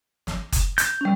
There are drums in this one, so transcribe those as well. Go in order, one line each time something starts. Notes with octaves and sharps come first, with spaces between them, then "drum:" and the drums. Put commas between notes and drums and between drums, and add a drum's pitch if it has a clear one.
drum: snare
drum: kick F#1, hi-hat
G6, drum: hi-hat
G3 C#4